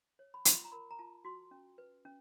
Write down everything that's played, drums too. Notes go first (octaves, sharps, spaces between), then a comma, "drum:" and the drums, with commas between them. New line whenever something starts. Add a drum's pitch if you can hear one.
C#5
B5
F4 C6, drum: hi-hat
A#5
A#4 B5
A#5
F4 A5
F#4 C6
C#4
B4
C#4